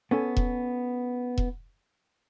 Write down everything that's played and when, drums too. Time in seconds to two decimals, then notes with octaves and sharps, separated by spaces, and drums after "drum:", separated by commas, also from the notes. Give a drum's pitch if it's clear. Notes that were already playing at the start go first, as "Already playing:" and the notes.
0.11 B3 C#4 A4 G#5
0.37 drum: kick E1
1.38 drum: kick E1